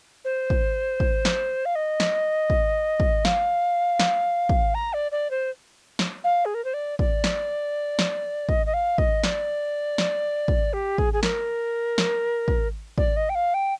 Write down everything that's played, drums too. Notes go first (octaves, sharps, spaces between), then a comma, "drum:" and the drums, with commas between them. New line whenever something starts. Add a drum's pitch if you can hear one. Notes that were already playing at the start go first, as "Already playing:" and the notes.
C5
drum: kick
drum: kick
drum: snare
F5
D#5
drum: snare
drum: kick
drum: kick
F5, drum: snare
drum: snare
drum: kick
A#5
D5
D5
C5
drum: snare
F5
G#4
A#4
C5
D5
D5, drum: kick
drum: snare
drum: snare
D#5, drum: kick
D#5
F5
D#5, drum: kick
D5, drum: snare
drum: snare
drum: kick
G4
G#4, drum: kick
G#4
A#4, drum: snare
drum: snare
drum: kick
D5, drum: kick
D#5
G5
F5
G5